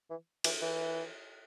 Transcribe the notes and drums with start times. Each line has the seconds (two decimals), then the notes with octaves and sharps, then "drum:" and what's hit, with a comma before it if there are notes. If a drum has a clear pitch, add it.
0.10 E3
0.44 E3, drum: cymbal
0.62 E3